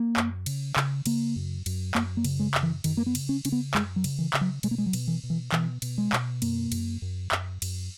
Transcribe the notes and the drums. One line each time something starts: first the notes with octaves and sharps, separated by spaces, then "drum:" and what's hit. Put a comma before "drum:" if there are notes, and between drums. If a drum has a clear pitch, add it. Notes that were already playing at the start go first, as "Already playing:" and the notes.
Already playing: A#3
F#2, drum: clap
C#3, drum: cymbal
C#3, drum: clap
C#3 A#3, drum: cymbal
F#2
F#2, drum: cymbal
F#2 A#3, drum: clap
A#3
C#3, drum: cymbal
G#3
F#2, drum: clap
E3
F#2 D#3, drum: cymbal
A#3
B3
C#3, drum: cymbal
C#4
C#3 C#4, drum: cymbal
B3
F#2 G#3, drum: clap
F#3
C#3, drum: cymbal
E3
C#3, drum: clap
F#3
B2 G#3, drum: cymbal
A#3
G#3
F#3
B2, drum: cymbal
E3
B2
E3
B2 E3, drum: clap
B2, drum: cymbal
G#3
B2, drum: clap
F#2 A#3, drum: cymbal
F#2, drum: cymbal
F#2
F#2, drum: clap
F#2, drum: cymbal